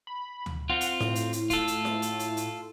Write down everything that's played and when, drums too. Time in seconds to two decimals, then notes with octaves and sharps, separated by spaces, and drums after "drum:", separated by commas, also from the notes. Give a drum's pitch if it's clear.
0.07 B5
0.46 drum: tom D2
0.70 C4 F4 F#5
0.81 drum: hi-hat
1.00 A2, drum: snare E4
1.15 drum: hi-hat
1.33 drum: hi-hat
1.50 F4 A4, drum: kick, hi-hat
1.67 drum: hi-hat
1.85 drum: snare E4
2.02 drum: hi-hat
2.19 drum: hi-hat
2.37 drum: hi-hat